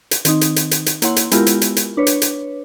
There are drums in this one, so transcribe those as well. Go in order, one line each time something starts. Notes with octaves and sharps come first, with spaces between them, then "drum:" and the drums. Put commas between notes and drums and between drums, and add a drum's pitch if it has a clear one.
drum: hi-hat
D#3 C4 D#4, drum: hi-hat
drum: hi-hat
drum: hi-hat
drum: hi-hat
drum: hi-hat
A#3 E4 C#5 F#5 C6, drum: hi-hat
drum: hi-hat
G#3 B3 E4 F4 G4 A#4, drum: hi-hat
drum: hi-hat
drum: hi-hat
drum: hi-hat
D4 B4 C#5
drum: hi-hat
drum: hi-hat